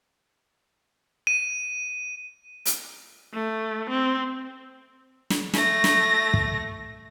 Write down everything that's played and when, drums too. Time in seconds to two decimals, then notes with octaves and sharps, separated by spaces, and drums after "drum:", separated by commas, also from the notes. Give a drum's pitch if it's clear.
1.27 D#7
2.66 drum: hi-hat
3.34 A3
3.90 C4
5.30 drum: snare
5.54 A3 A#6, drum: snare
5.84 drum: snare
6.34 drum: kick